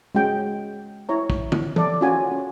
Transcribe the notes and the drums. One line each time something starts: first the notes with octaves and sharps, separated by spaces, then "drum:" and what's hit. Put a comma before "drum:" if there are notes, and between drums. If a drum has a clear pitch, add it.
G#3 C#4 F#4 G#4 G5
E4 C#5 A#5
drum: kick
drum: tom D3
A4 D5, drum: tom E3
C#4 F4 F#4 G#5
C#4